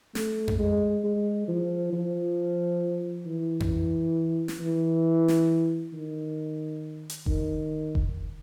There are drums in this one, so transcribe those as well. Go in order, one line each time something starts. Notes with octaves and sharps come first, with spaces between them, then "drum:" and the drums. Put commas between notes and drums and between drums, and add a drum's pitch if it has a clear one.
A3, drum: snare
drum: tom F2
G#3
G#3
F3
F3
E3
drum: tom F2
drum: snare
E3
drum: snare
D#3
drum: hi-hat
D#3, drum: kick F1
drum: kick F1